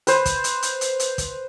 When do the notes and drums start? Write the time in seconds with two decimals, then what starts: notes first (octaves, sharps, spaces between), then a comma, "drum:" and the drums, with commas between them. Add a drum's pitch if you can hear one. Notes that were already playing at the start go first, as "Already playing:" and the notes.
0.07 B4 C5, drum: hi-hat
0.25 drum: kick, hi-hat
0.44 drum: hi-hat
0.63 drum: hi-hat
0.81 drum: hi-hat
1.00 drum: hi-hat
1.18 drum: kick, hi-hat